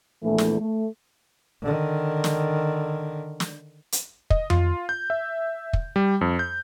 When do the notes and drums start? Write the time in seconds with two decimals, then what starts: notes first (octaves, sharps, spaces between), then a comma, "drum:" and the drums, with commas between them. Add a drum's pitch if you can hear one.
0.23 A#1 E2 E3 A3
0.38 drum: snare
0.60 A3
1.62 D3 D#3
2.24 drum: snare
3.40 drum: snare
3.92 drum: hi-hat
4.30 D#5, drum: kick
4.50 F4, drum: tom F2
4.89 G6
5.10 E5
5.73 drum: kick
5.96 G3
6.21 F2
6.39 G6